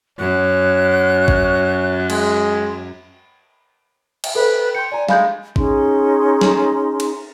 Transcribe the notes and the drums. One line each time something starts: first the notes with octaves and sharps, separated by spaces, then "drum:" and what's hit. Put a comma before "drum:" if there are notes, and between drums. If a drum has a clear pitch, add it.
F#2 C#5 F#6
drum: kick A1
G#3, drum: cymbal
drum: cymbal
A4 B4 C5
G5 C6 C#7
D5 G#5 A#5
G#3 F5 B5 G6, drum: snare
C#4 D#4 G#4 C6, drum: kick A1
drum: snare
drum: cymbal